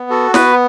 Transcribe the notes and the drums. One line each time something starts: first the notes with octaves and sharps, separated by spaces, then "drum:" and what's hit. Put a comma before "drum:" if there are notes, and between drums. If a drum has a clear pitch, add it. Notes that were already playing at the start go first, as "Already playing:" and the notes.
Already playing: B3
F#4 A4
B3 B4, drum: snare